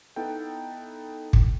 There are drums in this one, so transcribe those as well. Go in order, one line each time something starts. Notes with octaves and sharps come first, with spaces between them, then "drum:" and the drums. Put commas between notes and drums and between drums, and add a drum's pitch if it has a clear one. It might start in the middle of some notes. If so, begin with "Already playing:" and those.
B3 D#4 E4 A4 G5
drum: kick